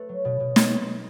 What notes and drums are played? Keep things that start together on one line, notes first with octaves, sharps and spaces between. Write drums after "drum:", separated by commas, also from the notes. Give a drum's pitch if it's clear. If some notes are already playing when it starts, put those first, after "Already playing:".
Already playing: A3 B4
F#3
B2
B2
drum: snare